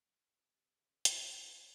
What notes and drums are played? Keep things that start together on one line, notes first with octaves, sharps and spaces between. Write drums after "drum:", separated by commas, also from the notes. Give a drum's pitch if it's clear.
C3
C#3
drum: hi-hat
A3